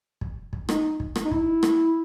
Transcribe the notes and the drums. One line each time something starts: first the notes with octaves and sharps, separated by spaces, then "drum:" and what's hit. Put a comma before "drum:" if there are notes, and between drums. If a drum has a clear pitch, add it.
drum: kick
drum: kick
D#4, drum: rim click
drum: kick
drum: rim click
D#4
E4, drum: kick
drum: rim click